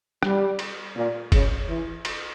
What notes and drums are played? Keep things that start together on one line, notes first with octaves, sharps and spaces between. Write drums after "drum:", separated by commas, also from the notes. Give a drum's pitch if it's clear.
G3, drum: rim click
drum: cymbal
A#2
C#3, drum: kick, cymbal
E3
drum: cymbal